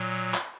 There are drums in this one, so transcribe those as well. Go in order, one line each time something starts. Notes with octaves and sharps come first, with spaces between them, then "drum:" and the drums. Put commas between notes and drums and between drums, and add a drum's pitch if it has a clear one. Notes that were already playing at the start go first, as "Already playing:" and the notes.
Already playing: A#2 F#3
drum: clap